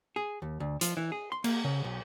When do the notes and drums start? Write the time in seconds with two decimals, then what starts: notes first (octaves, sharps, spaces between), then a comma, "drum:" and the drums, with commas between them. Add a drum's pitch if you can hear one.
0.16 G#4
0.42 D#2
0.60 D2
0.81 F3, drum: hi-hat
0.97 E3
1.12 G#4
1.32 C6
1.44 A#3, drum: cymbal
1.64 C#3
1.84 B1